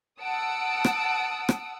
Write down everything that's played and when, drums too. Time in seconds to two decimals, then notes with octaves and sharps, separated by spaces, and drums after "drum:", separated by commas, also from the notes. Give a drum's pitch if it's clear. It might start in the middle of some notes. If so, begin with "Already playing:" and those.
0.20 F#5 A5 D#6 E6 D7
0.85 drum: rim click
1.49 drum: rim click